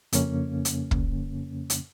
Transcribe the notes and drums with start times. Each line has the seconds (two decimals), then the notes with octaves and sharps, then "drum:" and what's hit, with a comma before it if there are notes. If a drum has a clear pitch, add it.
0.13 F2 C#3 A#3 C#4, drum: hi-hat
0.65 drum: hi-hat
0.91 drum: kick
1.70 drum: hi-hat